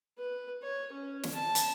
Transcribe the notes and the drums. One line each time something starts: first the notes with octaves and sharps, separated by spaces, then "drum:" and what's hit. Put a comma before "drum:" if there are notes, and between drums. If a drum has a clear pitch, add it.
B4
C#5
C#4
drum: snare
A5
drum: hi-hat